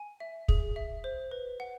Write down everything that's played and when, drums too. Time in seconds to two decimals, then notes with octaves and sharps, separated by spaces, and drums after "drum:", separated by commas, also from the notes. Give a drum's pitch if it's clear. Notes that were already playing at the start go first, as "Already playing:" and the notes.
Already playing: G#5
0.20 E5
0.48 G#4, drum: kick
0.76 E5
1.04 C5
1.31 B4
1.60 F#5